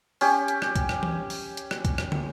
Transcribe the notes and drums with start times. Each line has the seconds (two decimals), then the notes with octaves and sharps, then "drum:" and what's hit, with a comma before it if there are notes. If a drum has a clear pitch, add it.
0.21 C#4 G4, drum: open hi-hat
0.48 drum: hi-hat
0.62 drum: rim click
0.76 drum: kick C2, hi-hat
0.89 drum: rim click
1.03 drum: tom E3
1.30 drum: open hi-hat
1.57 drum: hi-hat
1.71 drum: rim click
1.85 drum: kick C2, hi-hat
1.98 drum: rim click
2.12 drum: tom